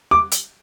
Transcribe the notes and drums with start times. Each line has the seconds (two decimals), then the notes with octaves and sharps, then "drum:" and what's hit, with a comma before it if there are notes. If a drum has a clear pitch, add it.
0.11 D6
0.31 drum: hi-hat